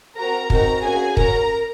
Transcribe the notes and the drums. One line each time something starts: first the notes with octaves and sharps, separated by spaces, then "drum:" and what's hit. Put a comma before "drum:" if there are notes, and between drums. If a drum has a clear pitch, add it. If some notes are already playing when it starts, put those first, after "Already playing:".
C4 F#4 A#4 A#5
C4 D#4 F#4 A#4 A#5, drum: kick
A#3 C#4 F#4 G#4 G#5
C#4 F#4 A#4 A#5, drum: kick